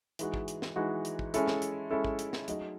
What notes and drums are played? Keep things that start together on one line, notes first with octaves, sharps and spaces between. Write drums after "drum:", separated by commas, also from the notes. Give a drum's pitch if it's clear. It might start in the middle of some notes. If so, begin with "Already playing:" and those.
E3 G#3 D#4 F#4, drum: hi-hat
drum: kick
drum: hi-hat
drum: snare
E3 G#3 D#4 F#4
drum: hi-hat
drum: kick
G#3 C#4 E4 A4, drum: hi-hat
drum: snare
drum: hi-hat
G#3 C#4 E4 A4
drum: kick
drum: hi-hat
drum: snare
F#3 A3 D#4 G#4 D#5, drum: hi-hat